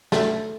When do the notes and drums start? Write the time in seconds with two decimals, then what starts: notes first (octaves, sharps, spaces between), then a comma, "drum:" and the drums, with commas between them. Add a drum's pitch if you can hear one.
0.12 A3, drum: snare